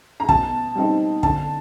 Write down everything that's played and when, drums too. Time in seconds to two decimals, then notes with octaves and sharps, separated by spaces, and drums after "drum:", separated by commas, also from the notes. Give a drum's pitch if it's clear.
0.20 A#5
0.29 B2 A5, drum: kick
0.75 G3 C4 D#4
1.23 D3 A5, drum: kick